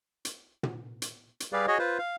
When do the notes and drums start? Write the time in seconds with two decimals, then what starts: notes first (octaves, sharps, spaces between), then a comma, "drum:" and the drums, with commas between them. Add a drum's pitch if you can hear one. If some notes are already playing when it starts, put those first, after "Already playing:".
0.25 drum: hi-hat
0.63 drum: tom
1.02 drum: hi-hat
1.40 drum: hi-hat
1.53 G3 G4 G#4 B4 D5 F5
1.67 F#4 G#4 C#5 D#5
1.79 F4 B4 C5
1.98 F5